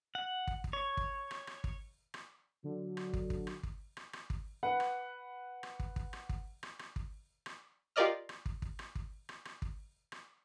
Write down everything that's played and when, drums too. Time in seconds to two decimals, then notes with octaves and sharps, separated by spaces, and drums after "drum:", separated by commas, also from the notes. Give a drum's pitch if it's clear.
0.15 F#5
0.47 drum: kick
0.64 drum: kick
0.73 C#5
0.97 drum: kick
1.31 drum: rim click
1.47 drum: rim click
1.64 drum: kick
2.14 drum: rim click
2.64 D3 F#3
2.97 drum: rim click
3.13 drum: kick
3.30 drum: kick
3.47 drum: rim click
3.63 drum: kick
3.97 drum: rim click
4.13 drum: rim click
4.30 drum: kick
4.63 B4 F#5
4.80 drum: rim click
5.63 drum: rim click
5.80 drum: kick
5.96 drum: kick
6.13 drum: rim click
6.29 drum: kick
6.63 drum: rim click
6.79 drum: rim click
6.96 drum: kick
7.46 drum: rim click
7.96 F4 G4 A#4 D5 D#5 F6
8.29 drum: rim click
8.46 drum: kick
8.62 drum: kick
8.79 drum: rim click
8.95 drum: kick
9.29 drum: rim click
9.45 drum: rim click
9.62 drum: kick
10.12 drum: rim click